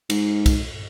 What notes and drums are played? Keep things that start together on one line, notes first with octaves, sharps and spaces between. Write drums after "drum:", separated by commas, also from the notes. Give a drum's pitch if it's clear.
G#2, drum: cymbal
drum: kick B1, cymbal